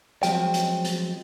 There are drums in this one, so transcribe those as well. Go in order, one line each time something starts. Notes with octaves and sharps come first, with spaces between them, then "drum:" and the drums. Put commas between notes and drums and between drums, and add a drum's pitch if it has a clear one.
F3 F#3 G#3 C4 G5, drum: hi-hat
drum: hi-hat
drum: hi-hat